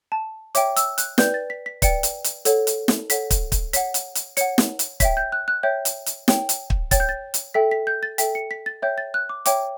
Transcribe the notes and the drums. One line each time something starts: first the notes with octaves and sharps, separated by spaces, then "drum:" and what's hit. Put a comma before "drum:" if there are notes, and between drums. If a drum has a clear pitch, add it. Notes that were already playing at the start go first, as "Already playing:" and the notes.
A5
C#5 E5 G5 D6, drum: hi-hat
E6, drum: hi-hat
F#6, drum: hi-hat
B4 D5 G5 G6, drum: snare
A6
B6
B6
B4 D5 G5 C#7, drum: kick, hi-hat
drum: hi-hat
drum: hi-hat
A4 C#5 F#5, drum: hi-hat
drum: hi-hat
drum: snare
A4 C#5 F#5 B6, drum: hi-hat
drum: kick, hi-hat
drum: kick, hi-hat
C#5 F#5 B6, drum: hi-hat
drum: hi-hat
drum: hi-hat
C#5 F#5 C#7, drum: hi-hat
drum: snare
drum: hi-hat
C#5 E5 G5 B6, drum: kick, hi-hat
G6
F#6
F#6
C#5 E5 G5 G6
drum: hi-hat
drum: hi-hat
C#5 G5, drum: snare
drum: hi-hat
drum: kick
C#5 G5 A6, drum: kick, hi-hat
G6
A6
drum: hi-hat
A4 E5 G5 B6
B6
G6
A6
A4 E5 G5 B6, drum: hi-hat
C#7
B6
A6
C#5 E5 G5 G6
A6
F#6
D6
C#5 E5 G5 D6, drum: hi-hat